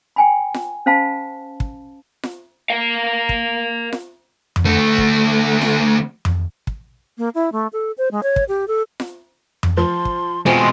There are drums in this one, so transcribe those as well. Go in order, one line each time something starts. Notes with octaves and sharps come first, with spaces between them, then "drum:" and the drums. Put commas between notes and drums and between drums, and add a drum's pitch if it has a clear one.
G5 G#5 B5
drum: snare F4
C#4 C5 F5 A5 B5
drum: kick
drum: snare F4
A#4 F5
drum: kick
drum: snare F4
drum: tom F2
D2 A3
drum: kick
drum: snare F4
drum: tom F2
drum: kick
A#3
E4
A3
A4
C5
G#3
C#5
drum: kick
G4
A4
drum: snare F4
drum: tom F2
F3 C6
drum: kick
B2 G#3 A3 C4 F4 G#5